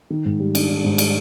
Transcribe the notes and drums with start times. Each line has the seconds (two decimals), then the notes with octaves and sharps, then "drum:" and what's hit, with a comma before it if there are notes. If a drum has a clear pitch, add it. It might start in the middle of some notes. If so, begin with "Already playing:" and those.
0.10 D#3
0.25 G#2
0.40 G3
0.55 D4, drum: cymbal
0.70 D#3
0.84 G#2
0.98 G3, drum: cymbal